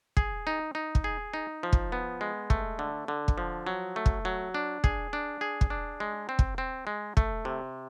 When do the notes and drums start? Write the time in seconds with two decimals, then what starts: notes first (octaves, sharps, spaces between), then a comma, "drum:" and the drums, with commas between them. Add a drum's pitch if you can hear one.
0.17 G#4, drum: kick
0.47 D#4
0.75 D#4
0.95 drum: kick
1.04 G#4
1.34 D#4
1.63 F3
1.73 drum: kick
1.92 B3
2.21 G#3
2.50 A3, drum: kick
2.79 D3
3.08 D3
3.28 drum: kick
3.38 F3
3.67 F#3
3.96 A3
4.06 drum: kick
4.25 F#3
4.55 D4
4.84 G#4, drum: kick
5.13 D4
5.41 G#4
5.61 drum: kick
5.70 D4
6.00 G#3
6.29 C4
6.39 drum: kick
6.58 C4
6.87 G#3
7.17 A3, drum: kick
7.45 C3